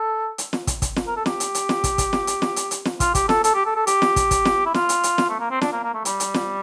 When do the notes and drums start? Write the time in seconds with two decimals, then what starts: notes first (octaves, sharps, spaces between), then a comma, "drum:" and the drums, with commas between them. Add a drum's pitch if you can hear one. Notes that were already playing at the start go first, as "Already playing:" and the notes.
Already playing: A4
0.38 drum: hi-hat
0.53 drum: snare
0.67 drum: kick, hi-hat
0.82 drum: kick, hi-hat
0.96 drum: snare
1.07 A#4
1.17 A4
1.26 G4, drum: snare
1.40 drum: hi-hat
1.55 drum: hi-hat
1.69 drum: snare
1.84 drum: kick, hi-hat
1.98 drum: kick, hi-hat
2.13 drum: snare
2.27 drum: hi-hat
2.42 drum: snare
2.56 drum: hi-hat
2.71 drum: hi-hat
2.85 drum: snare
3.00 F4, drum: kick, hi-hat
3.15 G4, drum: kick, hi-hat
3.29 A4, drum: snare
3.44 A4, drum: hi-hat
3.55 G4
3.66 A4
3.76 A4
3.87 G4, drum: hi-hat
4.02 drum: snare
4.16 drum: kick, hi-hat
4.31 drum: kick, hi-hat
4.45 drum: snare
4.66 E4
4.74 F4, drum: snare
4.89 drum: hi-hat
5.04 drum: hi-hat
5.18 drum: snare
5.29 A3
5.40 A#3
5.51 C4
5.61 D4, drum: snare
5.72 A#3
5.83 A#3
5.94 A3
6.05 G3, drum: hi-hat
6.20 drum: hi-hat
6.34 drum: snare